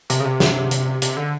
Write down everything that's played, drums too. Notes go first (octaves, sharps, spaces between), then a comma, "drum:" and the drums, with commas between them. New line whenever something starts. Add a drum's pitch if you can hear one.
C3, drum: hi-hat
C#3
C3
drum: snare
drum: hi-hat
C3, drum: hi-hat
D3